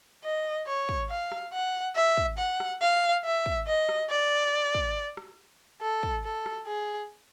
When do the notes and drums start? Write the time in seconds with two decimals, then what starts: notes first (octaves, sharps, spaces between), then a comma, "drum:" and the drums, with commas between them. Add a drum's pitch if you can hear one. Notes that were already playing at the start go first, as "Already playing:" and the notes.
0.24 D#5
0.67 C#5
0.89 drum: kick
1.10 F5
1.32 drum: rim click
1.53 F#5
1.96 E5
2.17 drum: kick
2.38 F#5
2.60 drum: rim click
2.82 F5
3.24 E5
3.46 drum: kick
3.67 D#5
3.89 drum: rim click
4.10 D5
4.74 drum: kick
5.17 drum: rim click
5.81 A4
6.03 drum: kick
6.24 A4
6.46 drum: rim click
6.67 G#4